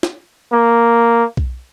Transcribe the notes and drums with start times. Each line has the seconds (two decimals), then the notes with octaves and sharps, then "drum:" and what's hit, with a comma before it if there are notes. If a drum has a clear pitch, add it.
0.03 drum: snare
0.53 A#3
1.37 drum: kick B1